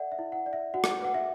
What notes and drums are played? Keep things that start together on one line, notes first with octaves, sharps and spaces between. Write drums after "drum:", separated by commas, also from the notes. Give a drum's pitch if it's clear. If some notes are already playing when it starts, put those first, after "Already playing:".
Already playing: A4 D5 E5 F#5
E5
E4
F#5
D5
E5
F#4 F#5
drum: rim click
B4 F#5
E5